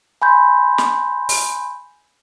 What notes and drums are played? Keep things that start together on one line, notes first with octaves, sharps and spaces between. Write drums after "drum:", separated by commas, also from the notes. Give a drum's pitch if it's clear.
G#5 B5 C6 G6
drum: snare
drum: open hi-hat